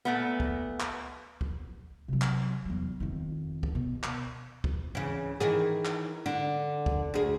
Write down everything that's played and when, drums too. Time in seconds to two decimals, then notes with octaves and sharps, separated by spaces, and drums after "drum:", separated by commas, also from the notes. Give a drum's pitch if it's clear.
0.05 A#2 A3 B3
0.40 drum: kick
0.80 drum: clap
1.41 drum: kick
2.08 C3 F#3
2.22 drum: clap
2.65 E2 F#3
3.00 F2 D#3
3.63 drum: kick
3.75 B2
4.03 drum: clap
4.64 drum: kick
4.95 C#3 E3
5.40 D#3 E3 G#4
5.85 drum: clap
6.26 D3
6.86 drum: kick
7.14 D2 G#4